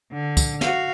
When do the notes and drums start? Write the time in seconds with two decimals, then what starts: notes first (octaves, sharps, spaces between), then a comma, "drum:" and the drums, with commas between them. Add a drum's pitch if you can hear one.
0.12 D3
0.37 drum: kick, tambourine
0.61 F#4 F5, drum: snare